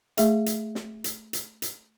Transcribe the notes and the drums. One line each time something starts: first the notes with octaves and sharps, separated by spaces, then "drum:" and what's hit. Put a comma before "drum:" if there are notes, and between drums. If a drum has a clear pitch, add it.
A3 G#4 E5, drum: hi-hat
drum: hi-hat
drum: snare
drum: hi-hat
drum: hi-hat
drum: hi-hat